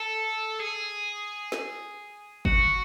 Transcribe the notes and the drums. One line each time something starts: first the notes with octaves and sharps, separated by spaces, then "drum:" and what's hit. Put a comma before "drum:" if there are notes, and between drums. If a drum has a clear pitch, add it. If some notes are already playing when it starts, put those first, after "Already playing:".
Already playing: A4
G#4
drum: snare
F#4, drum: kick G1